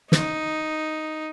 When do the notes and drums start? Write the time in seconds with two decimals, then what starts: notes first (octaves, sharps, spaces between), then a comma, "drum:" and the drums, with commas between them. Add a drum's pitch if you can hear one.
0.12 D#4, drum: snare